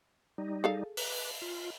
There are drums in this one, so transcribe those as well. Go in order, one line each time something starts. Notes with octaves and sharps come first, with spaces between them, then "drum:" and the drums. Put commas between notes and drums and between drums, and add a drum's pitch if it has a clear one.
G3 D#4
G#4 A4 F5
B4 D6, drum: open hi-hat
F4